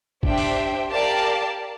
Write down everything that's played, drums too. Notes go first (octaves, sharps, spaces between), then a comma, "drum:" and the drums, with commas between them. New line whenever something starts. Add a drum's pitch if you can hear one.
D4 G4 C5 E5 G5, drum: kick
drum: open hi-hat
G4 A#4 D5 F5 A5